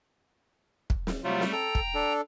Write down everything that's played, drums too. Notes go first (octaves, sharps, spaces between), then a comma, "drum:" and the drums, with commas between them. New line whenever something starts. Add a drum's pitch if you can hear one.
drum: kick
drum: snare
C3 F#3 G3 A3 F4
drum: snare
A4 G5 A#5
drum: kick
D4 A4